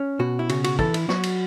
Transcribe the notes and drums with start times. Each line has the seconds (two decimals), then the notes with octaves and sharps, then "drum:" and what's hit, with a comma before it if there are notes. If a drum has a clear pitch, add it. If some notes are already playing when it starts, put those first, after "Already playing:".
Already playing: C#4
0.19 B2 F#4
0.39 E4
0.49 C#3 F#4, drum: cymbal
0.64 F#4, drum: cymbal
0.79 E3 A4, drum: kick
0.94 E4, drum: cymbal
1.09 F#3 F#4, drum: snare
1.23 drum: cymbal